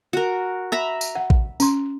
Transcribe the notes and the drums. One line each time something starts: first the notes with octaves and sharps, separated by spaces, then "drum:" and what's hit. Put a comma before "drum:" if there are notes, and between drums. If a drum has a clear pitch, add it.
F#4 A#4
E5 A#5 B5
drum: tambourine
F#5
drum: kick A1
C#4 C6, drum: tambourine